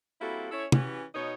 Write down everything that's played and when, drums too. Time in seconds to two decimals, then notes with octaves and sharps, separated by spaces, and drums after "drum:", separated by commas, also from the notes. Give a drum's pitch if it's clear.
0.21 G3 A#3 C4 E4 F#4 A4
0.51 C#4 E4 A4 C#5
0.72 E3 C#4 F#4 G4 B4 C#5, drum: tom
1.15 B2 D#4 C#5